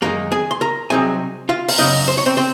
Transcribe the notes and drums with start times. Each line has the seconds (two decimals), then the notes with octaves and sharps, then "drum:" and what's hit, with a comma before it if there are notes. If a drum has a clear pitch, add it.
0.02 F#2 D#3 G#3 A#3 D#4 A#4
0.32 G#4 G#5
0.51 C6
0.61 A#4 A#5
0.90 C2 C3 F#3 C4 D#4 G#4 G#5
1.49 F4 F5
1.69 F5, drum: open hi-hat
1.78 F#2 C#3 F#3 C#4 D#4 D#5
2.08 C5
2.18 C#5
2.26 C4 C5
2.37 C4 C5